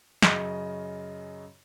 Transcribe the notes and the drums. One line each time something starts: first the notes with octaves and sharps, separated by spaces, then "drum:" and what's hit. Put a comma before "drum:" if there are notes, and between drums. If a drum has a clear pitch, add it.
F#2 C#3 D#5, drum: snare